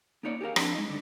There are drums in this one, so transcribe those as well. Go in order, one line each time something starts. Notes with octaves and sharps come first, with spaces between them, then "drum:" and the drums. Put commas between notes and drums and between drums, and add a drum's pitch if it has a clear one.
A#3 B3 D#4 C#5 D5
G4 G#4 A#4 F5
F3 C4 D4 E4, drum: rim click
G#3 D#4 D#5
G2 D3